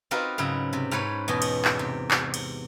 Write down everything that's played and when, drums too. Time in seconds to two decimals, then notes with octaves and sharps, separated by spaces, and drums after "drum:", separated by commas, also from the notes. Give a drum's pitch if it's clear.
0.11 C4 D#4 F4 F#4 A#4 B4
0.38 G#2 C#3 F#3 E4
0.73 C3
0.91 G#2 C#4 B4 C#5
1.28 E2 B2 D#5 G#5
1.42 drum: cymbal
1.65 drum: clap
1.79 C3
2.11 drum: clap
2.34 drum: cymbal